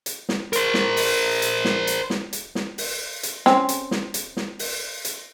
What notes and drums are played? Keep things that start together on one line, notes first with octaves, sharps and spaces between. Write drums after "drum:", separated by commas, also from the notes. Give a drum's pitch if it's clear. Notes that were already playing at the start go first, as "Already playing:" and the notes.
drum: hi-hat
drum: snare
A#4 C5, drum: hi-hat
drum: snare
drum: open hi-hat
drum: hi-hat
drum: snare
drum: hi-hat
drum: snare
drum: hi-hat
drum: snare
drum: open hi-hat
drum: hi-hat
C4 C#4, drum: snare
drum: hi-hat
drum: snare
drum: hi-hat
drum: snare
drum: open hi-hat
drum: hi-hat